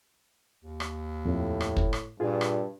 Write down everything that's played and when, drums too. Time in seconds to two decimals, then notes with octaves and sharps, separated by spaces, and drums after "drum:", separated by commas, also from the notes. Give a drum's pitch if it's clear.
0.64 D#2
0.80 drum: rim click
1.25 F2 A2
1.61 drum: rim click
1.77 drum: kick
1.93 drum: rim click
2.20 G2 A#2 F4 G#4
2.41 drum: rim click